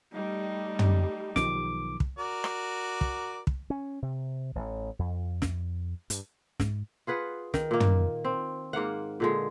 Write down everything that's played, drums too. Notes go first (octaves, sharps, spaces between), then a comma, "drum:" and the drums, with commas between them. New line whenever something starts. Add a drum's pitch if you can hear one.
G3 A3 D#4
drum: tom
B1 D#3 F3 D6, drum: snare
drum: kick
F#4 A#4 D5
drum: rim click
drum: kick
drum: kick
C#4
C3
A1
F2
drum: snare
G2, drum: hi-hat
G#2, drum: snare
F4 G#4 B4 F#5
D#3, drum: snare
A#2 A#3
drum: tom
C4
G#2 A#3 F5 F#5
A#2 D3 G#3